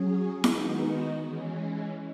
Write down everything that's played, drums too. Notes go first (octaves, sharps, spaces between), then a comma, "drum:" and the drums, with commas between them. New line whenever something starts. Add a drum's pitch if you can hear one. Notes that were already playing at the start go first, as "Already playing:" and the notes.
Already playing: F#3 C#4 G#4
D#3 G#3 B3 D#4 F#4, drum: snare E4
E3 G#3 C#4